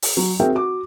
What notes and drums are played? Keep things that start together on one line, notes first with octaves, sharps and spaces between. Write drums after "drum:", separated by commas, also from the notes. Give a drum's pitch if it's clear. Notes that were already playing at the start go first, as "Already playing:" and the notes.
drum: open hi-hat
F#3
C4 F#4 G#4 A#4 E5 G5
F#4 D6